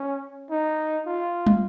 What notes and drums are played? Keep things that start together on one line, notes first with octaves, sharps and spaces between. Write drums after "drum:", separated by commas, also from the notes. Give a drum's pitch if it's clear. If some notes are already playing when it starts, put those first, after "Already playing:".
Already playing: C#4
D#4
F4
drum: tom